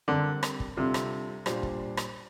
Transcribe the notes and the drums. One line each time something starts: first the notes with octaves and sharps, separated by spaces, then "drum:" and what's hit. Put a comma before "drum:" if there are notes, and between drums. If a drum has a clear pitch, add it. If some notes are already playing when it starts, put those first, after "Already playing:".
D3 G3 C4 G4 A#4 D5
drum: rim click
drum: kick
C3 G3 D4 F4 A4
drum: rim click
A#2 G3 D4 F4 C5, drum: rim click
drum: kick
drum: rim click